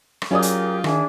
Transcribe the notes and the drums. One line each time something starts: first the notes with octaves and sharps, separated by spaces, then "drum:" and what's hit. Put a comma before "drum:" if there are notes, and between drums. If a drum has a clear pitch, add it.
drum: rim click
F#3 C#4 F4 G4 G#4 A#4 D5 D#6
drum: hi-hat
D#3 D4 G#4 E5, drum: rim click